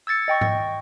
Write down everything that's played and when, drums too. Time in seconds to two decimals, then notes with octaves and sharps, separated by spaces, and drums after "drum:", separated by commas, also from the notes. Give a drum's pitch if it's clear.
0.07 E6 G#6 A6 C#7
0.28 D#5 G5 C#6
0.41 drum: tom G#2